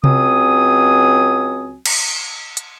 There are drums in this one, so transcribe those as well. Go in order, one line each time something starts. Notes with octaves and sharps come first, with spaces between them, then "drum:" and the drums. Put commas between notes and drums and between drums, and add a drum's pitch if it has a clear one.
C#2 F#3 C4 G#5 D#6, drum: tom C3
drum: cymbal
drum: hi-hat